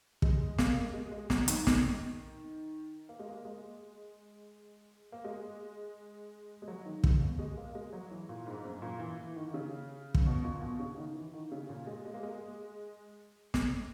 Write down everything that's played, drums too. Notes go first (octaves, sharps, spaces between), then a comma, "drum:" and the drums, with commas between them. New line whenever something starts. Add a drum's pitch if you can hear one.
G#3, drum: kick
A#3, drum: snare
G#3
G#3
F#3, drum: snare
D#3, drum: hi-hat
drum: snare
A#3
G#3
A#3
G#3
A#3
G#3
G#3
F#3
D#3
C#3, drum: kick
B2
G#3
A#3
G#3
F#3
E3
A#2
G#2
F#2
A#2
E3
E3
D#3
D#3
C#3
drum: kick
B2
A#2
B2
C#3
D#3
E3
D#3
C#3
A#2
G#3
G#3
A#3
G#3
drum: snare